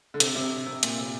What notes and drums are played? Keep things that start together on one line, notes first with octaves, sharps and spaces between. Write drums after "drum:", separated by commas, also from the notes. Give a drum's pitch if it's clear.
D3
C3, drum: hi-hat
C3
C3
A#2, drum: hi-hat
C3